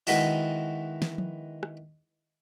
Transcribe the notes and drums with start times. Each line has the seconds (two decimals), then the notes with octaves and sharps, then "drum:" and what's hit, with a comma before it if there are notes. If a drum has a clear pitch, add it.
0.07 D#3 E3 G#3 B3 D#4 F#4, drum: open hi-hat
1.02 drum: snare
1.18 drum: tom F3
1.63 drum: rim click